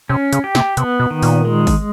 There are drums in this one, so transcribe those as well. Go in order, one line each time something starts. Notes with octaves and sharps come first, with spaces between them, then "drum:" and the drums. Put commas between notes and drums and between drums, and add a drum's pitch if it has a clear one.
C3 C#4
C#3, drum: hi-hat
G4
C3, drum: snare
C3 B3, drum: hi-hat
B2
D#3
A#2, drum: open hi-hat
G#3
drum: kick G#1, open hi-hat